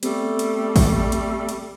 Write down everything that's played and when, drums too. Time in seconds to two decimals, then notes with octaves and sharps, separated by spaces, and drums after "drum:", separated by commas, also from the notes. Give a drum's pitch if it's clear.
0.03 G3 A3 B3 C4 G4 A4, drum: hi-hat
0.39 drum: hi-hat
0.76 drum: kick A1, open hi-hat
1.12 drum: hi-hat
1.49 drum: hi-hat